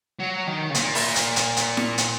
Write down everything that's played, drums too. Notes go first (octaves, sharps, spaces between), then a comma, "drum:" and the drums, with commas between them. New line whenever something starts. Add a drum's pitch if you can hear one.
F#3
D#3
C#3
A#2, drum: hi-hat
drum: open hi-hat
drum: hi-hat
drum: hi-hat
drum: hi-hat
drum: snare E4
drum: hi-hat